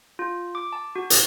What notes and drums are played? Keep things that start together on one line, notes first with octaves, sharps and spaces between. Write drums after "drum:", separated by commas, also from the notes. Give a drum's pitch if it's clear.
F4
D6
A5
F#4
drum: hi-hat